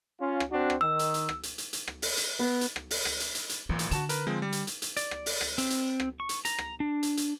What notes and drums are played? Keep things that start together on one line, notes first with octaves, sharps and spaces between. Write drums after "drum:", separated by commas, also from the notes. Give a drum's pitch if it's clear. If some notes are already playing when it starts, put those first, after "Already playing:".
C#4 F4
drum: rim click
C4 D4 F#4
drum: rim click
D#3 E6
drum: hi-hat
drum: hi-hat
drum: rim click
drum: hi-hat
drum: hi-hat
drum: hi-hat
drum: rim click
drum: open hi-hat
drum: hi-hat
B3
drum: hi-hat
drum: rim click
drum: open hi-hat
drum: rim click
drum: hi-hat
drum: hi-hat
drum: hi-hat
A1 A#2 E3
drum: hi-hat
D3 F#4 A5 E7, drum: hi-hat
A#4 B4, drum: hi-hat
F3 G#3 C4
G3
drum: hi-hat
drum: hi-hat
drum: hi-hat
D5, drum: hi-hat
drum: rim click
drum: open hi-hat
drum: rim click
C4, drum: hi-hat
drum: hi-hat
drum: rim click
C#6
drum: hi-hat
A#5, drum: hi-hat
drum: rim click
D4
drum: hi-hat
drum: hi-hat